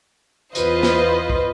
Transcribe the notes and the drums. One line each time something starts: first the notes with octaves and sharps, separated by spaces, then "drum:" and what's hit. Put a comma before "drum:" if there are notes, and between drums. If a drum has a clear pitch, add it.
E2 F4 B4 C5 D#5, drum: hi-hat
drum: snare
drum: kick